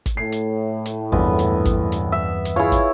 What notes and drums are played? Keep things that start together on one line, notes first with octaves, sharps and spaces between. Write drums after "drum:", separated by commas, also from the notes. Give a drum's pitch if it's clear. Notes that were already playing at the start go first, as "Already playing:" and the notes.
drum: kick, hi-hat
A2 C7
drum: hi-hat
drum: hi-hat
A#1 E2 G2 B3, drum: kick
drum: hi-hat
drum: kick, hi-hat
drum: hi-hat
E5
drum: hi-hat
E4 F4 G#4 C#5
drum: kick, hi-hat